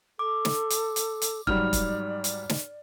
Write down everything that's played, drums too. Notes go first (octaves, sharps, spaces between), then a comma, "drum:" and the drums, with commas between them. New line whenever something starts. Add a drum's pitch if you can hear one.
A4 D6
drum: snare
drum: hi-hat
drum: hi-hat
drum: hi-hat
G#2 F#3 G3 D5 F6, drum: kick
drum: kick, hi-hat
drum: hi-hat
drum: snare